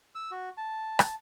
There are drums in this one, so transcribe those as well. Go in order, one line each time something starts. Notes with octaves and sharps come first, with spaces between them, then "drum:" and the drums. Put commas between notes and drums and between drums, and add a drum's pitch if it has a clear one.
E6
F#4
A5
drum: rim click